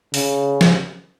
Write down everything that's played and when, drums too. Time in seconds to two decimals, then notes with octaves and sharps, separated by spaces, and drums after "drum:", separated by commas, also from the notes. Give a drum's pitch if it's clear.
0.14 C#3, drum: open hi-hat
0.61 drum: snare